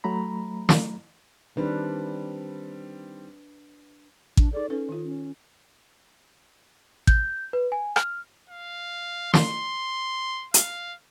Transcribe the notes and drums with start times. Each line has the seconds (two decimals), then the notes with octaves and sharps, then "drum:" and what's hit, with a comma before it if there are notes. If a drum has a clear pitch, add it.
0.04 F#3 A3 A#5 B5
0.69 drum: snare
1.57 D#3 G3 C4 D4 B4
4.37 D4, drum: kick A1
4.53 D#4 G#4 A4 D5
4.70 C#4 D#4 A4 B4
4.89 D#3 F4
5.03 C#4
7.07 G6, drum: kick A1
7.53 B4
7.72 G#5
7.96 F6, drum: rim click
8.50 F5
9.34 C6, drum: snare
10.54 F5, drum: hi-hat